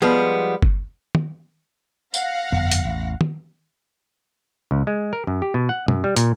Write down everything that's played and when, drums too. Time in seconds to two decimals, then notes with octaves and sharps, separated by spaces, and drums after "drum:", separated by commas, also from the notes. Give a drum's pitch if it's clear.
0.02 F3 G3 G#3 B3
0.62 drum: kick G1
1.15 drum: tom
2.14 F5 F#5 A#6, drum: tambourine
2.52 G1 F2 B3
2.71 drum: hi-hat
2.82 A1 E2
3.21 drum: tom
4.71 C#2
4.87 G#3
5.13 A#4
5.27 F#2
5.42 G4
5.54 B2
5.69 F#5
5.88 F#2, drum: tom
6.04 G3
6.16 A#2, drum: hi-hat